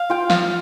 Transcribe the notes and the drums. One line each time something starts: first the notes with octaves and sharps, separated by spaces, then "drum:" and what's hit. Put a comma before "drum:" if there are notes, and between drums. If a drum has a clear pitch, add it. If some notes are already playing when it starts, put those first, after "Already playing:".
Already playing: F5
F4 G5
F5, drum: snare